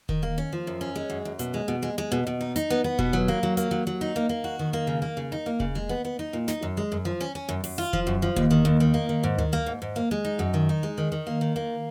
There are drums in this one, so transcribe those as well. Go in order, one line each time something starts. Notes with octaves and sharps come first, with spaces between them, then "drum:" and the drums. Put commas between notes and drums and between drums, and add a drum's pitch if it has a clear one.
D#3, drum: kick E1
A#3
C#4
F3
F#2
C#4
G#3
F#2
F#2
B2, drum: hi-hat
G#3
B2
G#3
G#3
B2
B2
D#4
D#4, drum: hi-hat
B3
B3
B2, drum: kick E1
F#3
A#3
F#3
A#3, drum: hi-hat
F#3
F#3
D#4
A#3
A#3
F#4
D#3
A#3
C#3
A#3
C#3
D#4
A#3
C#3, drum: kick E1
G#3
B3
B3
D#4
A#2
D#4, drum: snare
F#2
G#3
F#2
F3
C#4
C#4
F#2
F#2, drum: open hi-hat
F4
F3, drum: kick E1
F#2
F3
D#2, drum: kick E1
D#3
D#2
D#3
A#3
D#3
G#2
D#3, drum: tom D2
A#3
G#2
G#2
A#3
G#3
D#4
F#2
D#3
D#4
G#3
D#3
D#3
A#3
D#3
A#3